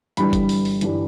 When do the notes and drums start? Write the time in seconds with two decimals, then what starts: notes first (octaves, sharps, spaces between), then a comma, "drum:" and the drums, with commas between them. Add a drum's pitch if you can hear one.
0.17 G1 G2 E3 G3 D4 B5, drum: hi-hat
0.33 drum: kick F#1, hi-hat
0.49 drum: open hi-hat
0.65 drum: open hi-hat
0.81 G1 G2 E3 G3 D4, drum: hi-hat